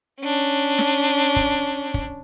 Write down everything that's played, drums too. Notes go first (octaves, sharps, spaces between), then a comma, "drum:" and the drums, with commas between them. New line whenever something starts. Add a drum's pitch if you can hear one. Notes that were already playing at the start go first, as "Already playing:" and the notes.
C#4 D4
drum: snare
drum: kick
drum: kick